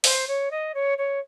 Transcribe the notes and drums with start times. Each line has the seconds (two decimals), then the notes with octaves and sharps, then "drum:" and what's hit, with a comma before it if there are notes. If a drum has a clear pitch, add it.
0.04 C5, drum: open hi-hat
0.27 C#5
0.51 D#5
0.74 C#5
0.98 C#5